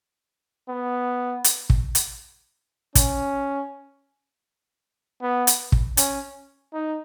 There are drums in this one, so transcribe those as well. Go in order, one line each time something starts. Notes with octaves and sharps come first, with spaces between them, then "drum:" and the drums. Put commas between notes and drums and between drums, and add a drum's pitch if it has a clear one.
B3
drum: hi-hat
drum: kick
drum: hi-hat
C#4, drum: kick, hi-hat
B3
drum: hi-hat
drum: kick
C#4, drum: hi-hat
D#4